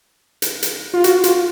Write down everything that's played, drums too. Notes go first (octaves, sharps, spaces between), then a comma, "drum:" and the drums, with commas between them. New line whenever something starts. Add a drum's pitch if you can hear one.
drum: hi-hat
drum: hi-hat
F4
F#4, drum: hi-hat
F4, drum: hi-hat